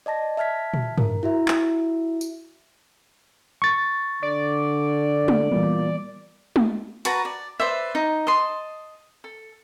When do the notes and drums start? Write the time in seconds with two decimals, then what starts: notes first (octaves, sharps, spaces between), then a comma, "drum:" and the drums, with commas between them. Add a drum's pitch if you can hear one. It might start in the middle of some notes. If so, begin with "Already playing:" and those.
0.06 D5 D#5 A5 A#6
0.37 E5 A5 F6 G#6 B6
0.74 drum: tom A#2
0.98 A#4, drum: tom G2
1.23 E4 F#4 E5
1.48 drum: clap
2.21 drum: tambourine
3.62 C#6 A6
4.22 D3 D5
5.28 drum: tom G#3
5.51 A#2 E3 G3 B3
6.56 drum: tom G#3
7.05 F#4 B4 A5 A#5, drum: hi-hat
7.25 D5
7.60 B4 C5 D5 E5
7.95 D#4
8.27 D#5 A5 C6
9.24 A4